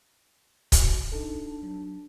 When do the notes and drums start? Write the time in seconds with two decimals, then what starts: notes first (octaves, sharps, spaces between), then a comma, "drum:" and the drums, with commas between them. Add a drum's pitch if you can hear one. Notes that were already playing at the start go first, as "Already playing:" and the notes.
0.72 F#4, drum: kick C#1, hi-hat
1.12 D4 D#4 A4
1.63 F#3